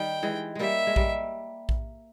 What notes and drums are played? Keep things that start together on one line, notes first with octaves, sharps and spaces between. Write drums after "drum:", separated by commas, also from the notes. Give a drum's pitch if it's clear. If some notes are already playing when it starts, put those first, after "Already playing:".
Already playing: D#3 G3 G5
E3 G#3
G3 G#3 A#3 E5
G#3
G3 A#3, drum: kick A#1
drum: kick A#1